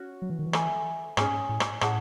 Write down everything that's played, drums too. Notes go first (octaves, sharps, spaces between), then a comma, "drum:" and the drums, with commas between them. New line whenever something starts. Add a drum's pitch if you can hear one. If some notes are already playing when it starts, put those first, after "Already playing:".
Already playing: C#4 F#4 C#5
F#3
E3
D#3
E3
A4 E5 G#5 B5, drum: rim click
G#2 C#4 G#4 C#5 G#5, drum: rim click
A2
drum: rim click
A2 G#4 C#5 F#5 A5, drum: rim click